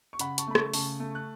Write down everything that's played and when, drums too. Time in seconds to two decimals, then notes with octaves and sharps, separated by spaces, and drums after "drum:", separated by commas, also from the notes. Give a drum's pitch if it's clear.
0.13 C#6
0.19 C#3 F#5 B5, drum: hi-hat
0.38 A5 C#6, drum: hi-hat
0.47 A3 B5
0.55 A5 C#6, drum: rim click
0.74 C#3 A5 C#6, drum: open hi-hat
1.00 A3
1.15 F#6